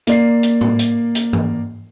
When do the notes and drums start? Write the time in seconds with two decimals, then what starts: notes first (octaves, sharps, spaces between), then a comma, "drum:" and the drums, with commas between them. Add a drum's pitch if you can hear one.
0.07 A#3 D5 C7, drum: hi-hat
0.43 drum: hi-hat
0.61 drum: tom
0.79 drum: hi-hat
1.15 drum: hi-hat
1.33 drum: tom G2